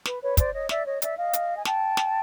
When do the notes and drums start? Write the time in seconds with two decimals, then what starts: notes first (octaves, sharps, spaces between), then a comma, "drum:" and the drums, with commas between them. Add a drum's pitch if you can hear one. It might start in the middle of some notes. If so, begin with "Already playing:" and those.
0.05 B4, drum: snare
0.22 B4 C#5
0.37 C5 D5, drum: kick, hi-hat
0.53 C#5 D#5
0.69 D5 E5, drum: snare
0.85 C#5 D#5
1.02 D5 E5, drum: hi-hat
1.18 D#5 F5
1.33 drum: hi-hat
1.57 G#5
1.65 G5 A5, drum: snare
1.97 drum: snare